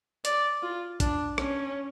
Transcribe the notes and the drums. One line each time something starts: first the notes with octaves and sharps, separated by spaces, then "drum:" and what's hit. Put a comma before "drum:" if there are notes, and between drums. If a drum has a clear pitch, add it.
D5, drum: hi-hat
F4
D4, drum: kick A#1, hi-hat
C#4, drum: rim click